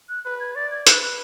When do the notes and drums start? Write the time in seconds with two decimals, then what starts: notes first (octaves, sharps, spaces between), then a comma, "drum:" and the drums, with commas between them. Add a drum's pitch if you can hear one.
0.09 F#6
0.25 B4 F#6
0.40 G#6
0.55 D5 A6
0.71 G#6
0.87 B4 F#6, drum: hi-hat
1.02 F#6